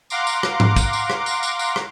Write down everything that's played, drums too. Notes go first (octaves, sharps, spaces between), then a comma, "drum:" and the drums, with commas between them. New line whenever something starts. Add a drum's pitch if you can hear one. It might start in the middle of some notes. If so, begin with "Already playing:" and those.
F5 F#5 A#5 C6 D6, drum: tambourine
drum: tambourine
drum: rim click
drum: tom G#2
drum: kick, tambourine
drum: tambourine
drum: rim click
drum: tambourine
drum: tambourine
drum: tambourine
drum: rim click